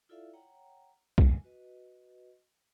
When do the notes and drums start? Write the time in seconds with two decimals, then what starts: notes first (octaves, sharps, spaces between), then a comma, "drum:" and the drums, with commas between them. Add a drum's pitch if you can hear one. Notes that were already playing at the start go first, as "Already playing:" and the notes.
0.09 E4 F4 A4 D5 E5 F5
0.33 C#5 F#5 G5 A#5
1.18 G#5, drum: kick C2
1.44 F#4 B4 D#5